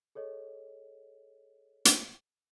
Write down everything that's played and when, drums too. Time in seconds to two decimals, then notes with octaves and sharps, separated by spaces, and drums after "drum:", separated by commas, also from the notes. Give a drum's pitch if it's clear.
0.15 G#4 A4 C#5 D#5
1.85 drum: hi-hat